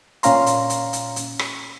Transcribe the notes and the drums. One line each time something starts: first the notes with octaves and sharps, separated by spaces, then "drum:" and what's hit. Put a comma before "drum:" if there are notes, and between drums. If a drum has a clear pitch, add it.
A#2 C#4 F5 A#5 C6, drum: hi-hat
drum: hi-hat
drum: hi-hat
drum: hi-hat
drum: hi-hat
drum: rim click